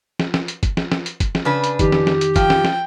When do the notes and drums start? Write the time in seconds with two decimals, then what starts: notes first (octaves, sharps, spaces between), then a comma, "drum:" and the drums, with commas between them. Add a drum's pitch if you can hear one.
0.19 drum: snare
0.34 drum: snare
0.48 drum: hi-hat
0.63 drum: kick, hi-hat
0.77 drum: snare
0.92 drum: snare
1.06 drum: hi-hat
1.20 drum: kick, hi-hat
1.35 drum: snare
1.45 C#3 D4 B4
1.64 drum: hi-hat
1.79 F2 D#3 D#4 G4, drum: kick, hi-hat
1.92 drum: snare
2.07 drum: snare
2.21 drum: hi-hat
2.36 F3 G5, drum: kick, hi-hat
2.50 drum: snare
2.64 drum: snare